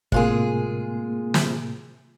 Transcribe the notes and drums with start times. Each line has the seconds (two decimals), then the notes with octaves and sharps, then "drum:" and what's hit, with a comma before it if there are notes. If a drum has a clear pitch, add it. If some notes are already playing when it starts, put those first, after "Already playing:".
0.12 A2 C3 G#3 A#3 F4 G#4, drum: kick
1.34 drum: snare